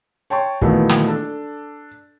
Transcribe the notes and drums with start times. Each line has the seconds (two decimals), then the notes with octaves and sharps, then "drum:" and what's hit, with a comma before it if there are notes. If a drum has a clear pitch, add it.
0.30 C#5 G5 A5 C6 C#6
0.61 A#2 D#3 E3 F#3 A3 B3, drum: kick
0.89 drum: snare
1.07 D4 A4